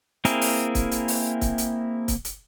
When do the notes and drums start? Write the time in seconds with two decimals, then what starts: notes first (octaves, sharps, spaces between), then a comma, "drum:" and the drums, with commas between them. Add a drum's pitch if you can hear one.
0.25 A#3 C4 E4 G#4 A#4, drum: hi-hat
0.41 drum: open hi-hat
0.75 drum: kick, hi-hat
0.91 drum: hi-hat
1.08 drum: open hi-hat
1.41 drum: kick, hi-hat
1.58 drum: hi-hat
2.08 drum: kick, hi-hat
2.25 drum: hi-hat